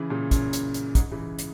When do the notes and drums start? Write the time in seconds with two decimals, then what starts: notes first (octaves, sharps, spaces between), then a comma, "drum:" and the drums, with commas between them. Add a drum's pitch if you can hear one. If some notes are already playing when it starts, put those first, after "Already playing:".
Already playing: C#3 E3
0.10 A#2 C#3
0.31 F#2 A#2, drum: kick, hi-hat
0.53 drum: hi-hat
0.74 drum: hi-hat
0.95 G#2, drum: kick, hi-hat
1.11 C#3 E3
1.38 drum: hi-hat